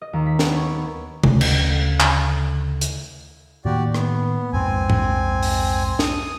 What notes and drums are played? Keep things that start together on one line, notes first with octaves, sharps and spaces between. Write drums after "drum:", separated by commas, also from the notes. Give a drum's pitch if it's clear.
D#5
D#2
B6
B3, drum: snare
C#5
B3
D2 C#3, drum: tom
drum: cymbal
drum: clap
drum: hi-hat
A2 D#3 A#3 F#4 G4 D5
B3, drum: rim click
B1 F2 G#2 C4 G#5
drum: tom
drum: open hi-hat
D#6, drum: snare